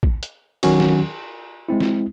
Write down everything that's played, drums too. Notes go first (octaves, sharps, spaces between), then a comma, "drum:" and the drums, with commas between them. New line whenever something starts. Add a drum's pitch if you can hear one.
drum: kick
drum: hi-hat
D#3 F#3 C#4 F#4, drum: cymbal
drum: snare
G#3 C4 E4
drum: snare